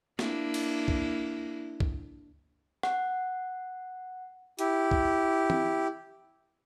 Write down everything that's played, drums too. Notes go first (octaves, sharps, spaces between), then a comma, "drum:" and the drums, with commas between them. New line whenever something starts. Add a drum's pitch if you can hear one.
A#3 D4 E4, drum: snare
drum: cymbal
drum: kick
drum: kick
F#5, drum: rim click
E4 G4, drum: hi-hat
drum: kick
drum: tom